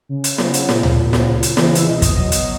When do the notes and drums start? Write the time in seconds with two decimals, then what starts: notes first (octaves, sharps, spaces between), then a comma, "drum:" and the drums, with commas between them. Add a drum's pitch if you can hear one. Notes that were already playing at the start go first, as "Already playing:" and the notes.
0.09 C#3
0.24 drum: hi-hat
0.38 F#3, drum: snare
0.54 drum: hi-hat
0.69 A#2, drum: snare
0.83 drum: tom C#2
0.98 F#3
1.13 drum: snare
1.27 C#3
1.43 drum: hi-hat
1.57 E3 G#3, drum: snare
1.75 E5, drum: hi-hat
1.87 B2 D#5
2.02 drum: kick, hi-hat
2.17 F#3
2.32 drum: hi-hat